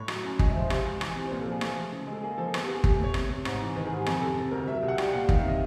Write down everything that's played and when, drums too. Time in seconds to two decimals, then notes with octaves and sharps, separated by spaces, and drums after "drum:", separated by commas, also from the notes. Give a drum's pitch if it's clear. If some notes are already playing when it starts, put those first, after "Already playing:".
Already playing: A2 C#5
0.08 F#3, drum: rim click
0.24 C#4
0.39 G#3 D#5, drum: kick
0.50 E5
0.55 F3 C5
0.70 C2 C5, drum: rim click
0.85 G#3
1.01 E3, drum: rim click
1.16 C3
1.25 C5
1.31 A#2 B4
1.41 A4
1.46 F3
1.52 G#4
1.61 A3, drum: rim click
1.77 F3
1.92 C#3
2.07 G#3
2.12 A4
2.23 A#3 G#4
2.38 F3 A4
2.54 B3, drum: rim click
2.64 G4
2.68 B3
2.73 G#4
2.84 A3 G4, drum: kick
2.99 A3 C#5
3.14 C3, drum: rim click
3.30 C3
3.45 G#2, drum: rim click
3.61 E3
3.76 D#3 B4
3.86 G#4
3.91 G#2 G4
4.06 F2 G#4, drum: rim click
4.21 C3 A4
4.36 C3
4.52 D2 A#4
4.67 F#3 E5
4.83 C2
4.88 F#5
4.98 G3 G5, drum: rim click
5.08 F5
5.13 A#2 F#5
5.29 D#3 F5, drum: kick
5.39 E5
5.43 C3 D#5